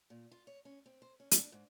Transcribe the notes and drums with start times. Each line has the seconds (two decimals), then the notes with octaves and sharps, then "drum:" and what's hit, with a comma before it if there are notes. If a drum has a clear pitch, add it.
0.10 A#2
0.32 F4
0.47 C#5
0.65 C#4
0.86 C4
1.02 C5
1.20 C#4
1.31 D4, drum: hi-hat
1.52 G#2